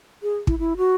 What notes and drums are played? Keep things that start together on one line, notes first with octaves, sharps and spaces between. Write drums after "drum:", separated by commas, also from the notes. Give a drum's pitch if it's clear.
G#4
E4, drum: kick
E4
F#4